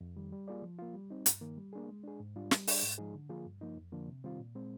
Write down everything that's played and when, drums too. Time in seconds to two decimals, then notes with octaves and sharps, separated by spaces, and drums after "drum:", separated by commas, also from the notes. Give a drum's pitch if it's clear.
0.01 F2
0.17 D#3 G3
0.32 G3
0.48 A#3 F4 G#4 D5
0.63 F3
0.79 A#3 F4
0.94 G3
1.10 C4 D#4
1.26 G2, drum: hi-hat
1.41 D#3 A#3
1.57 G3
1.73 A#3 D4 G#4
1.88 G#3
2.04 D4 G#4
2.20 G#2
2.36 G3 D4 F4
2.51 G3, drum: snare
2.67 D4 G#4 D5, drum: open hi-hat
2.82 G#2
2.98 F3 G#3 D#4 G#4
3.14 D3
3.29 F3 A#3 F4 G#4
3.46 G2
3.61 F3 A#3 D#4
3.77 F2
3.92 D3 F3 A#3 D4
4.08 C3
4.24 D#3 G3 C4 F4
4.39 A#2
4.55 G#3 C4